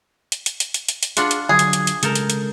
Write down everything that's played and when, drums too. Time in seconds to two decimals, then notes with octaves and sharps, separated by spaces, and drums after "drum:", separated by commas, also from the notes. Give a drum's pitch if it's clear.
0.32 drum: hi-hat
0.46 drum: hi-hat
0.60 drum: hi-hat
0.74 drum: hi-hat
0.88 drum: hi-hat
1.03 drum: hi-hat
1.17 D4 F4 F#4 G#4, drum: hi-hat
1.31 drum: hi-hat
1.49 D3 F#3 G#4
1.59 drum: hi-hat
1.73 drum: hi-hat
1.87 drum: hi-hat
2.03 C#3 G#3 A4 A#4 G6, drum: hi-hat
2.15 drum: hi-hat
2.30 drum: hi-hat